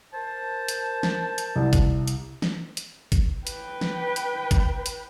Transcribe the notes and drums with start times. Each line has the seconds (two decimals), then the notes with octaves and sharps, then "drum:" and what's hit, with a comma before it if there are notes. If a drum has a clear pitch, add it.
0.13 A#4 C5 A5
0.68 drum: hi-hat
1.03 drum: snare
1.38 drum: hi-hat
1.56 C2
1.73 drum: kick, hi-hat
2.08 drum: hi-hat
2.42 drum: snare
2.77 drum: hi-hat
3.12 drum: kick, hi-hat
3.47 B4 G5, drum: hi-hat
3.81 drum: snare
4.16 drum: hi-hat
4.51 drum: kick, hi-hat
4.86 drum: hi-hat